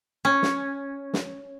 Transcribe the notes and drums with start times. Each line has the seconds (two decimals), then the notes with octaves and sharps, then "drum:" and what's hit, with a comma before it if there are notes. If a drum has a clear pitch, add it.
0.25 C#4
0.42 drum: snare
1.14 drum: snare